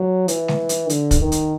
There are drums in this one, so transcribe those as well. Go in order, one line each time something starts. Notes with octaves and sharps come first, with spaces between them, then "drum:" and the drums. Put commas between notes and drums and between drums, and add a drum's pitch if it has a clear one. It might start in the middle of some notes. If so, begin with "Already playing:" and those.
Already playing: F#3
E3, drum: hi-hat
drum: snare G#3
drum: hi-hat
D3, drum: hi-hat
drum: kick, hi-hat
D#3
drum: hi-hat